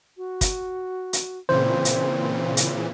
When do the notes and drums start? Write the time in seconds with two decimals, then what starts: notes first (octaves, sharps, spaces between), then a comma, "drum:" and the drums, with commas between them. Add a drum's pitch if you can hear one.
0.17 F#4
0.41 drum: kick, hi-hat
1.13 drum: hi-hat
1.49 A#2 C#3 E3 C4 C5
1.85 drum: hi-hat
2.57 drum: hi-hat